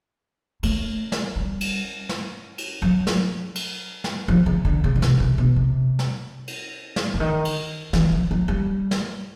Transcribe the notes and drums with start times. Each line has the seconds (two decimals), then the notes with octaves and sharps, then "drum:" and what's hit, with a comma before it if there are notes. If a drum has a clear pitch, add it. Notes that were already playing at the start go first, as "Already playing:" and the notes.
0.63 A3, drum: cymbal
1.12 drum: snare
1.36 G3
1.61 drum: cymbal
2.09 drum: snare
2.58 drum: cymbal
2.82 F#3
3.07 drum: snare
3.55 drum: cymbal
4.04 drum: snare
4.28 F3
4.46 C#3
4.65 D3
4.84 C#3
4.96 C#3
5.02 C3, drum: snare
5.20 C3
5.38 B2
5.56 C3
5.99 drum: snare
6.48 drum: cymbal
6.96 drum: snare
7.14 D3
7.20 D#3
7.45 drum: cymbal
7.93 E3, drum: snare
8.12 F3
8.31 F#3
8.48 G3
8.91 drum: snare